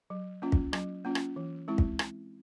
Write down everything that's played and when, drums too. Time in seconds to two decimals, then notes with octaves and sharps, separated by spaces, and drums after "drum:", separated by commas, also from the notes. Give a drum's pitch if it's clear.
0.10 F#3
0.42 A#3 C#4 F4
0.52 drum: kick
0.73 F#3, drum: rim click
1.05 A#3 C#4 F4
1.15 drum: rim click
1.36 E3
1.68 G#3 C4 E4
1.78 drum: kick
1.99 drum: rim click